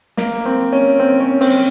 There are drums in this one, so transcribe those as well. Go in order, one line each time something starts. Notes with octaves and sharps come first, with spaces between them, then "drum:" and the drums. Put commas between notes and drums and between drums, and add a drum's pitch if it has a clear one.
A#3, drum: snare
C4
C#4
C4
C#4
C4, drum: open hi-hat